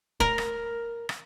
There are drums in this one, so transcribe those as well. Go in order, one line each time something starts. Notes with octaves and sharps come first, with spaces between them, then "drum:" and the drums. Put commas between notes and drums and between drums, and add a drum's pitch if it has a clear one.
A#4, drum: kick D#1
drum: rim click
drum: rim click